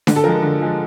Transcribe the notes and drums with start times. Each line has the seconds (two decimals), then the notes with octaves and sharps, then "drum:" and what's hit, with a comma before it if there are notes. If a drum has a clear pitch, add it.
0.07 D3, drum: snare D4
0.16 A4
0.24 F3 G#3 A#4
0.42 D3
0.60 F3 G#3